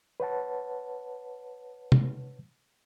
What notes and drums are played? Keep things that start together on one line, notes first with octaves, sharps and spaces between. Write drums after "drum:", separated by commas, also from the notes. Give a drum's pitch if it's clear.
B4 C#5 F#5 A5
drum: tom